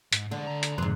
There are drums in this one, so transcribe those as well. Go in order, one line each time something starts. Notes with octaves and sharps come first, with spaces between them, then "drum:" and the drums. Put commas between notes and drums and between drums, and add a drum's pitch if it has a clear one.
G#2, drum: hi-hat
D3 G#3 D4
D2 A#5
drum: hi-hat
F2 G#2 C3 C6 F#6